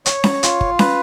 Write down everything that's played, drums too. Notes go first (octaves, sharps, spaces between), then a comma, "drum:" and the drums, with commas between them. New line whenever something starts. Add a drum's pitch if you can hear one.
C#5, drum: hi-hat
drum: snare C#4
F4, drum: hi-hat
drum: kick G1
B4, drum: snare C#4